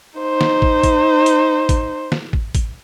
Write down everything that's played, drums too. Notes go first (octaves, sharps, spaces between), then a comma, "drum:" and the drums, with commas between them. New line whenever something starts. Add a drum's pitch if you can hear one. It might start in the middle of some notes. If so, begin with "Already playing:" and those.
D#4 C5
drum: snare
drum: kick
drum: kick, hi-hat
drum: hi-hat
drum: kick, hi-hat
drum: snare
drum: kick
drum: kick, hi-hat